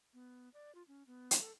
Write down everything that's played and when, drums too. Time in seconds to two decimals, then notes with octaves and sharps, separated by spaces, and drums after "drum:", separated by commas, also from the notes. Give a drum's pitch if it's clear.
0.14 B3
0.54 D5
0.75 F4
0.88 C#4
1.07 B3
1.31 drum: hi-hat
1.40 A4